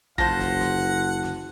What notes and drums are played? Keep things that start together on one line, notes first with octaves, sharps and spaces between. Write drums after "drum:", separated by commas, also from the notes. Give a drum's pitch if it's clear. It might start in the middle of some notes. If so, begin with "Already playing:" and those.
F#1 F4 C5 F#5 A5 A#6, drum: kick
drum: snare
drum: snare
drum: snare